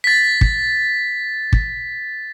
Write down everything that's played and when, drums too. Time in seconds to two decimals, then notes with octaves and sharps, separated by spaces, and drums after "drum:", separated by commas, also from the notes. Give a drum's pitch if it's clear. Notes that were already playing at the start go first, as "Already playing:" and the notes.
0.04 A6 B6
0.41 drum: kick
1.53 drum: kick